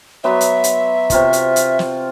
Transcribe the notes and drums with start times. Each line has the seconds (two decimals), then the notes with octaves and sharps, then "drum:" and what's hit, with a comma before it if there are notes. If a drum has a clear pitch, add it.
0.24 F#3 B3 E5 C6
0.41 drum: hi-hat
0.64 drum: hi-hat
1.10 C3 F4 C#6, drum: kick, hi-hat
1.33 drum: hi-hat
1.56 drum: hi-hat
1.79 drum: snare